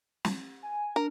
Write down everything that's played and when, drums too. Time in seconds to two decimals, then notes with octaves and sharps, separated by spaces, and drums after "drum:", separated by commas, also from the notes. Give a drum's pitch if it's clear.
0.25 drum: snare
0.63 G#5
0.96 D4 A#4